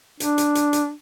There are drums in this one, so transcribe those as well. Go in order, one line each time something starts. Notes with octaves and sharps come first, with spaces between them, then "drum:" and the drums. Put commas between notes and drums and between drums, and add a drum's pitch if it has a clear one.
D4, drum: hi-hat
drum: hi-hat
drum: hi-hat
drum: hi-hat